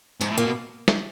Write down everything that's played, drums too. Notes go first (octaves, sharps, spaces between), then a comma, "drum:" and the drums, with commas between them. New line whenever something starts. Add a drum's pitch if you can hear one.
G#2 F3, drum: tambourine
A2
A#2 A#3
B2
drum: snare